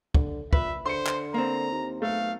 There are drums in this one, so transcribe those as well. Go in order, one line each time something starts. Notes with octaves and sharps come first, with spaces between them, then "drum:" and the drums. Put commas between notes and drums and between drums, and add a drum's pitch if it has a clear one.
D3, drum: kick
A#2 B4 E5, drum: kick
D3 C5 C6 C#7
drum: clap
A#3 C4 A#5
D#2
B1 A3 F5